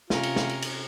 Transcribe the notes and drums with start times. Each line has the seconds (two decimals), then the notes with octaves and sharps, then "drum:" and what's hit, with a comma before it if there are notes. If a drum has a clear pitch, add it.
0.10 C3 C#4 F4 A#4, drum: snare
0.23 drum: cymbal
0.36 drum: snare
0.49 drum: cymbal
0.62 drum: cymbal